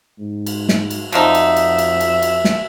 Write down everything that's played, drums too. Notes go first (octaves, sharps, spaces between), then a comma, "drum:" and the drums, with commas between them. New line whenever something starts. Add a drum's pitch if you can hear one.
G#2
drum: cymbal
drum: snare
drum: cymbal
F2 D3 F3 D#4 E5, drum: cymbal
drum: cymbal
drum: cymbal
drum: cymbal
drum: cymbal
drum: cymbal
drum: snare